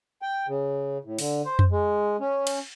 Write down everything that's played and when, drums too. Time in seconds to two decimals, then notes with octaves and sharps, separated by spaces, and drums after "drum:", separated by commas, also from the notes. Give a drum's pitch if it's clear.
0.22 G5
0.48 C#3
1.05 A2
1.19 D3, drum: open hi-hat
1.45 C5
1.59 drum: tom F2
1.71 G#3
2.21 C#4
2.47 drum: cymbal